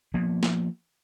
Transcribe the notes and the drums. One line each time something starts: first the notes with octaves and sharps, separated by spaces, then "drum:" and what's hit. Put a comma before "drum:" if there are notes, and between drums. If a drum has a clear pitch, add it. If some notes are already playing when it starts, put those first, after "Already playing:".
F3 A#3 B3
drum: snare